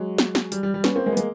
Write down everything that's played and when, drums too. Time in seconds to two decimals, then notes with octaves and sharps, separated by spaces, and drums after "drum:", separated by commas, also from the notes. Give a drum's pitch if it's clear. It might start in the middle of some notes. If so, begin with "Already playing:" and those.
Already playing: F#3 G#3
0.18 drum: snare
0.35 drum: snare
0.52 G3, drum: hi-hat
0.63 G3
0.74 G3
0.84 B3 C#4, drum: snare
0.95 A#3 C4
1.06 G#3 A#3
1.12 B3
1.17 G#3 A#3, drum: hi-hat